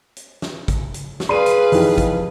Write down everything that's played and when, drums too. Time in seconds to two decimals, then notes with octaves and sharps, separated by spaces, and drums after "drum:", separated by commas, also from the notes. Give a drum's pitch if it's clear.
0.16 drum: hi-hat
0.42 drum: snare
0.68 drum: kick, hi-hat
0.94 drum: hi-hat
1.20 drum: snare
1.29 G#4 B4 D5 F5 C6 D#7
1.46 drum: hi-hat
1.72 F2 E3 D#4 G4, drum: open hi-hat
1.98 drum: kick, hi-hat